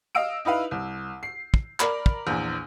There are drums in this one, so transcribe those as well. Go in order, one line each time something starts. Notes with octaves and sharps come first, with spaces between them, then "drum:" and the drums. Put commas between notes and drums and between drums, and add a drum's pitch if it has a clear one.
D#5 F5 E6 D7
D#4 E4 B4 F5
C2
C7
drum: kick
A#4 D5 B5, drum: clap
drum: kick
A#1 E2